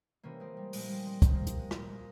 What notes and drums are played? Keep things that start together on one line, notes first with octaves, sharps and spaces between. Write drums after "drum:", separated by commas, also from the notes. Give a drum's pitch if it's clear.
C3 E3 A#3 C#4
G#3 C4
G3
A#2 F3 G#3, drum: open hi-hat
G3 A#3
G#3 C4
A#2 F3 G#3, drum: kick, hi-hat
G3 A#3
drum: hi-hat
G#3
A#2 F3 G#3, drum: rim click
G#3